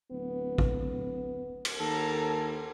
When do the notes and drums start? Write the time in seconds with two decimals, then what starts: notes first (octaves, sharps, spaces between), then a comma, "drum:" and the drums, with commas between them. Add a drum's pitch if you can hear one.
0.12 D1 B3
0.58 drum: kick A1
1.65 drum: cymbal
1.80 D#2 A4 A#4 A5 A#5